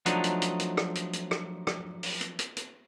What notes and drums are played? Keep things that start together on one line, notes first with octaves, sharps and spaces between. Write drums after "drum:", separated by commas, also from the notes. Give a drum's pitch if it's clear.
F3 F#3 A3 D4 D#4, drum: hi-hat
drum: hi-hat
drum: hi-hat
drum: hi-hat
drum: rim click
drum: hi-hat
drum: hi-hat
drum: rim click
drum: rim click
drum: open hi-hat
drum: hi-hat
drum: hi-hat
drum: hi-hat